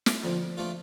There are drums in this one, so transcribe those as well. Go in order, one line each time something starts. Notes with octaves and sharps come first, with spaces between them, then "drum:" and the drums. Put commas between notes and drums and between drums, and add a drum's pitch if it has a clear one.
drum: snare
F2 D3 F3
F3 A3 D4 F4